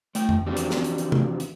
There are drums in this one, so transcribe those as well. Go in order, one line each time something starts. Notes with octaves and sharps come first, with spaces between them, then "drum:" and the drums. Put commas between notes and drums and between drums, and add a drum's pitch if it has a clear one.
A3 G5, drum: hi-hat
drum: tom F2
E3 F3 C4 D4 F#4 G4
drum: hi-hat
drum: snare
drum: hi-hat
drum: hi-hat
drum: tom C3
drum: hi-hat